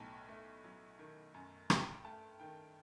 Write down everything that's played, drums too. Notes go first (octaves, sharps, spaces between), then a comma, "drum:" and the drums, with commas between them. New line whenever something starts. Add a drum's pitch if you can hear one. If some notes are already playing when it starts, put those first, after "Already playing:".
Already playing: B1 A2 F#3 G5 A5
A3
F#3
D#3
F#2
G2 G5, drum: rim click
A3 A5
D#3 G5